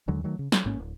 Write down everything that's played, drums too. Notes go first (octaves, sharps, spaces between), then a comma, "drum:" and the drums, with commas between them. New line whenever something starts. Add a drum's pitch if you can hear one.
D#2 D3 F#3 G#3
D#3 F#3 A3
C#3
F#3, drum: snare
A1 G#2 A#3 C#4
D1